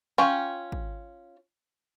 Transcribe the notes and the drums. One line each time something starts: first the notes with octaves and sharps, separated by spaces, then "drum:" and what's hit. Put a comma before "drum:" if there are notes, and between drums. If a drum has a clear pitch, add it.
C#4 F4 G5, drum: snare
drum: kick